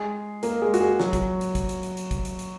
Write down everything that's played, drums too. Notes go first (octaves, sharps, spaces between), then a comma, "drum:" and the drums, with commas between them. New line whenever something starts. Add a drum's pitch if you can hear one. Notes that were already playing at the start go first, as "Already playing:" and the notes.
Already playing: G#3 G#4
A#3 A#4, drum: hi-hat
G#3 G#4
F#4, drum: hi-hat
G#3 G#4
F#3 F#4, drum: snare
drum: kick, hi-hat
drum: hi-hat
drum: kick, hi-hat
drum: hi-hat
drum: hi-hat
drum: hi-hat
drum: kick, hi-hat
drum: hi-hat
drum: hi-hat